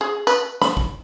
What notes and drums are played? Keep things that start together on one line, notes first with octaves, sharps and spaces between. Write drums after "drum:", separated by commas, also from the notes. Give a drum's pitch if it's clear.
G#4
B4, drum: tambourine
B5, drum: snare
drum: kick A1